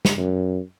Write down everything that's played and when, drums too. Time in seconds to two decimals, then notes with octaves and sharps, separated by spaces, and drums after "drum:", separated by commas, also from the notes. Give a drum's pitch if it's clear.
0.05 drum: snare
0.18 F#2